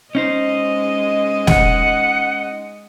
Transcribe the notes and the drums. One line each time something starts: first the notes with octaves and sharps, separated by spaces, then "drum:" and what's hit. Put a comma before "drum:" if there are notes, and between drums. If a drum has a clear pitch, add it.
G#3 C#4 D#4 C5 D#5
F#5, drum: snare